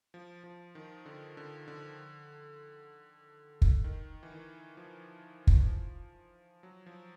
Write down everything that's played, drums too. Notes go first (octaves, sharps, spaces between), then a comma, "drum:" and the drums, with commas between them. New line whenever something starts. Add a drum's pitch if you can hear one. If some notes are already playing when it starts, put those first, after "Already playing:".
F3
F3
D#3
D3
D3
D3
drum: kick
D#3
E3
D#3
F3
drum: kick
F#3
F3